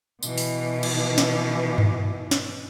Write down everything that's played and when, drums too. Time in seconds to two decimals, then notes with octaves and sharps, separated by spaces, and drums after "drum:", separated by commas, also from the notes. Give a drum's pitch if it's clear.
0.23 B2 E3, drum: tambourine
0.38 drum: open hi-hat
0.83 drum: cymbal
1.18 drum: snare
1.78 drum: tom G2
2.31 drum: snare